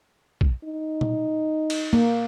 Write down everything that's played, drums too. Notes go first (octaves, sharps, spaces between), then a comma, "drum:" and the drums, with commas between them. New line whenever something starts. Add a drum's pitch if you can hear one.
drum: kick B1
D#4
drum: tom
drum: cymbal
A#3